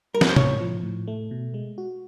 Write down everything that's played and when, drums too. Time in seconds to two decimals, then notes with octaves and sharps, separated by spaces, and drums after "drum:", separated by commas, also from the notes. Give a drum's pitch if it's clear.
0.14 G3 A#4
0.21 B4, drum: snare
0.29 C5
0.36 A2 C#5, drum: tom C3
0.60 F3
0.83 A2
1.07 A3
1.31 B2
1.54 G#3
1.78 F#4